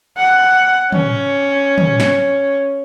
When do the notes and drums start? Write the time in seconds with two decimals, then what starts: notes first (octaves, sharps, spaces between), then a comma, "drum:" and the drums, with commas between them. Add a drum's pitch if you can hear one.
0.18 F#5
0.92 C#4, drum: tom
1.78 drum: tom
2.00 drum: snare